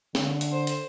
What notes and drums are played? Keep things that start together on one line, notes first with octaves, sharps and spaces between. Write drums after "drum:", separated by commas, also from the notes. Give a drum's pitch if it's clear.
D3, drum: snare
drum: hi-hat
C5
drum: hi-hat